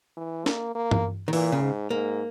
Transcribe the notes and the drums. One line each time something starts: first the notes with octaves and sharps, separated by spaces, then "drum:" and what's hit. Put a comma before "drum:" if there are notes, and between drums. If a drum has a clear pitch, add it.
E3
A#3, drum: snare
A#3
drum: tom G2
D#3
A#2 E3, drum: open hi-hat
C#3
G#2
G#2 A#3